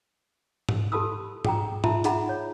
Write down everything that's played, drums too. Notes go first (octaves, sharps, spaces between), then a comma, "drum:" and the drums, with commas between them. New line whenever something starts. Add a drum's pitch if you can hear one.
drum: tom G#2
G4 A4 A5 B5 D#6 E6
G#4 G5 A#5, drum: tom G#2
F4 E5 A5 A#5, drum: tom G#2
D#4 G#4 E5 F#5 A#5 B5, drum: hi-hat
C#5